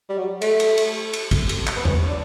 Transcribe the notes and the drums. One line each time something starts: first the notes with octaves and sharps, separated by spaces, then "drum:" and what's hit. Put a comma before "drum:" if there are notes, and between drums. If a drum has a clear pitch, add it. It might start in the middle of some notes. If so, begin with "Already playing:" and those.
G3
F#3
A3, drum: cymbal
drum: cymbal
drum: cymbal
drum: cymbal
drum: kick, cymbal
drum: cymbal
drum: clap
B3
C#4, drum: tom E2
D4